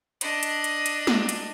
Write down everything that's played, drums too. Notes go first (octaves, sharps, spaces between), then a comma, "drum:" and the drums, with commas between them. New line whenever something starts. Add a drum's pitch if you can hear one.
D4 D#5, drum: hi-hat
drum: hi-hat
drum: hi-hat
drum: hi-hat
drum: snare
drum: hi-hat